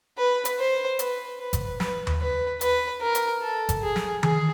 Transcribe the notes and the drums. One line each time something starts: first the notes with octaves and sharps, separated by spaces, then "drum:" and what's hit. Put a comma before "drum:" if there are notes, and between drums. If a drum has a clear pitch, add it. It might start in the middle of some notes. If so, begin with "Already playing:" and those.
B4
drum: hi-hat
C5
B4, drum: hi-hat
B4
drum: kick G1, hi-hat
B4, drum: snare
drum: tom D#2
B4
B4, drum: hi-hat
A#4
drum: hi-hat
A4
drum: kick G1, hi-hat
G#4
drum: snare
G#4, drum: tom D#3